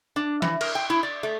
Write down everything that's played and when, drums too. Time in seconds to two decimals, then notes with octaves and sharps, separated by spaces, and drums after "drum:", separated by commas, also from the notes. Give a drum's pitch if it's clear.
0.16 D4
0.42 E3, drum: snare
0.61 A#4, drum: cymbal
0.75 G5
0.90 E4
1.03 D5
1.23 A3